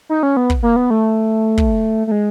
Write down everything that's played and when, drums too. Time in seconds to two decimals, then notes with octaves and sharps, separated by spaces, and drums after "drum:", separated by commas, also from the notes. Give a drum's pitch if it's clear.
0.09 D#4
0.23 C#4
0.37 B3
0.50 drum: kick
0.63 A#3
0.76 B3
0.90 A3
1.58 drum: kick
2.07 A3
2.11 G#3